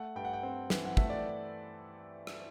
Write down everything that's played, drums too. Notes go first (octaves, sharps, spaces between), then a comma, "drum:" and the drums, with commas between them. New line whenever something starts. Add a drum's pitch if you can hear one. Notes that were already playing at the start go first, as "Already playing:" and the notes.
Already playing: A3 F#5
G2 G5
F#5
G5
C4
E3, drum: snare
F#5
A3 E5, drum: kick
D5
drum: rim click